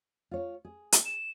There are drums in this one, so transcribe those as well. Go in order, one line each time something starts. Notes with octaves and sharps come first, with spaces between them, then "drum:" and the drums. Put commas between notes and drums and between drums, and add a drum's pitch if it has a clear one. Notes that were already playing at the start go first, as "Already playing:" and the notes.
F4 C#5
G#4
drum: hi-hat
E7